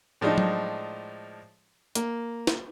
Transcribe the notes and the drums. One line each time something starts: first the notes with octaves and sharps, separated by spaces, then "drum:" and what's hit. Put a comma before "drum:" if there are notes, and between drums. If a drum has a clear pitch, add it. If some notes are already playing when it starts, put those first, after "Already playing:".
A2 F3 G#3 D4 D#4
drum: tom F#3
A#3, drum: hi-hat
drum: snare